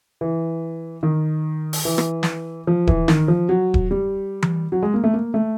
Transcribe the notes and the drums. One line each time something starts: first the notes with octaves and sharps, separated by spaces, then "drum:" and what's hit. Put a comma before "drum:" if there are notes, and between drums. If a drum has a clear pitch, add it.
E3
D#3
drum: open hi-hat
E3
drum: rim click
drum: snare
F3
E3, drum: kick D#1
D#3, drum: snare
F3
F#3
drum: kick D#1
G3
drum: tom E3
F#3
G#3
A#3
A3
A#3
A3